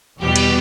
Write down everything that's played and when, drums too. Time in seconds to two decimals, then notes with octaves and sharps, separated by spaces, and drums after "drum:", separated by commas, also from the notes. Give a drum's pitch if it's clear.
0.20 E2 B2 G3 G4
0.36 drum: cymbal